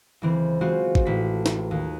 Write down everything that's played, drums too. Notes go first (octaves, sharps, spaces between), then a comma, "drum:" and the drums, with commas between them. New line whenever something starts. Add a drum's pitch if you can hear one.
C#2 E3 C4
G#3 C4 F4 F#4
drum: kick
A1 B6
drum: snare
D#2